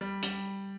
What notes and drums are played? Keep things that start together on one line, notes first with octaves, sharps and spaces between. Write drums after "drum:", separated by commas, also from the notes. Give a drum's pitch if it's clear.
G3
G3, drum: hi-hat